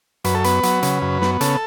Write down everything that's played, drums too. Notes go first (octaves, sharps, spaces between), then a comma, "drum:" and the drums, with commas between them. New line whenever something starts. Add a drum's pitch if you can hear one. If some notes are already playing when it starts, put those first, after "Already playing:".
F#2 B4, drum: hi-hat
A4
B3 B4, drum: hi-hat
F#3, drum: hi-hat
C#3, drum: hi-hat
F#2
B3, drum: snare
C#3 A4, drum: hi-hat